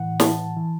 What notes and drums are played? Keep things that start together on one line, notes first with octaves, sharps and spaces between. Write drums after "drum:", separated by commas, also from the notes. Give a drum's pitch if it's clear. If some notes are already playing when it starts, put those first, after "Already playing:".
Already playing: A2 E3 F#5
A5, drum: snare
E3